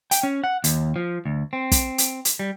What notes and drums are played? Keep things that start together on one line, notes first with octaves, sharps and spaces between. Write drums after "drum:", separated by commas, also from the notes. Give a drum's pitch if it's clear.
G5, drum: hi-hat
C#4
F#5
D#2, drum: hi-hat
F3
D2
C4
drum: kick, hi-hat
drum: hi-hat
drum: hi-hat
G3